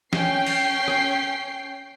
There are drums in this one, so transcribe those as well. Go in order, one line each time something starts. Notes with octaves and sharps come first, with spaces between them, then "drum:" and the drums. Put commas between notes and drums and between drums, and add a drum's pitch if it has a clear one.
C#4 G5 C7, drum: snare
drum: open hi-hat
drum: rim click